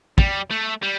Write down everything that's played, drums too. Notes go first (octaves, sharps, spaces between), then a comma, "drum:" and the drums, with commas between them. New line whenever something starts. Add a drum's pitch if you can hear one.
G3, drum: kick
A3
G3